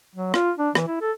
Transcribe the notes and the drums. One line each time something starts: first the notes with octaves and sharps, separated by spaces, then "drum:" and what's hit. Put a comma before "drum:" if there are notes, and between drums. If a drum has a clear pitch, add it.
F#3
F4, drum: rim click
D4
E3, drum: rim click
E4
A4